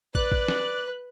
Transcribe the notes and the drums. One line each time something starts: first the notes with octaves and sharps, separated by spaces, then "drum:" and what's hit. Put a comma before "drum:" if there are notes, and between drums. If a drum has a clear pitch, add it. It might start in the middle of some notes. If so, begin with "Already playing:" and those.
B4 D5 F#6, drum: kick
drum: kick
drum: snare